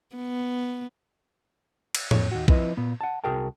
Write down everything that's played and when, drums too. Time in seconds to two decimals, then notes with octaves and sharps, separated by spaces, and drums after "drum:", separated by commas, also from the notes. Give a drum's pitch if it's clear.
0.16 B3
1.95 drum: cymbal
2.11 F2 C#5, drum: tom A2
2.32 D#2 F#4
2.48 F3 C4 E4 B4 D#5, drum: kick A#1
2.77 A#2 B3
3.01 F#5 A5
3.24 C2 F#4 G#4 A#4 G5 A5